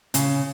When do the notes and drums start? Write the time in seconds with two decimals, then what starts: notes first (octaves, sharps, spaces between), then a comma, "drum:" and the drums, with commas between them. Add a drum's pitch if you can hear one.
0.14 C#3, drum: hi-hat